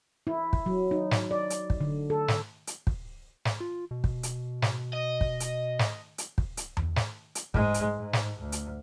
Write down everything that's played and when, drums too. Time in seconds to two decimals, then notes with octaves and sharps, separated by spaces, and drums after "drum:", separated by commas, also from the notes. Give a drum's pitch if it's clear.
0.27 E4
0.53 drum: kick
0.66 F#3
0.91 D#4
1.11 drum: snare
1.31 D5
1.50 drum: hi-hat
1.70 drum: kick
1.81 D3
2.10 A4
2.28 drum: snare
2.67 drum: hi-hat
2.87 drum: kick
3.45 drum: snare
3.60 F4
3.91 B2
4.04 drum: kick
4.23 drum: hi-hat
4.62 drum: snare
4.93 D#5
5.21 drum: kick
5.40 drum: hi-hat
5.79 drum: snare
6.18 drum: hi-hat
6.38 drum: kick
6.57 drum: hi-hat
6.77 drum: tom E2
6.96 drum: snare
7.35 drum: hi-hat
7.54 G#2 G#3, drum: kick
7.74 drum: hi-hat
7.97 G#2
8.13 drum: snare
8.40 D2
8.52 drum: hi-hat